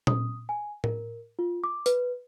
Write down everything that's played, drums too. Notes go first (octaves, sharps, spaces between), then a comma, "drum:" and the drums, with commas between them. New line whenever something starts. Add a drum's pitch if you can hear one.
D#6, drum: tom A#2
G#5
A#4, drum: tom A2
F4
D6
B4, drum: hi-hat